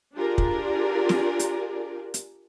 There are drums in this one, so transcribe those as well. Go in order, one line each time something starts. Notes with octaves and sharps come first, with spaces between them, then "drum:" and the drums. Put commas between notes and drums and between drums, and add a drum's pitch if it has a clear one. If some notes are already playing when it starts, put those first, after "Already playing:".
D4 F4 G4 G#4 A#4 D5
drum: kick
drum: snare
drum: hi-hat
drum: hi-hat